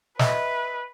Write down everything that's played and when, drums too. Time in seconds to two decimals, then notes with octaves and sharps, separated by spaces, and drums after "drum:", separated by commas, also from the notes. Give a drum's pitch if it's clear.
0.19 B4 D#5 E5, drum: snare